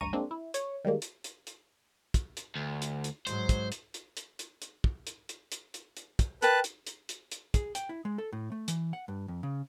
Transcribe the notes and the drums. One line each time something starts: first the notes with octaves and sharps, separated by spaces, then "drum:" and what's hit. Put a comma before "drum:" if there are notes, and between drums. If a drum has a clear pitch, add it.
A1 D2 G2 A#5 C#6 D#7
G#3 A#3 C4 D4
E4
C#5, drum: hi-hat
D#3 G3 G#3 A#3
drum: hi-hat
drum: hi-hat
drum: hi-hat
drum: kick, hi-hat
drum: hi-hat
D2
drum: hi-hat
drum: hi-hat
G#2 F#3 C5, drum: hi-hat
drum: kick, hi-hat
drum: hi-hat
drum: hi-hat
drum: hi-hat
drum: hi-hat
drum: hi-hat
drum: kick
drum: hi-hat
drum: hi-hat
drum: hi-hat
drum: hi-hat
drum: hi-hat
drum: kick, hi-hat
A#4 B4 G5 A5 F#6, drum: hi-hat
drum: hi-hat
drum: hi-hat
drum: hi-hat
drum: hi-hat
G#4, drum: kick, hi-hat
G5, drum: hi-hat
E4
G#3
A4
A2
A3
E3, drum: hi-hat
F#5
G2
F2
C#3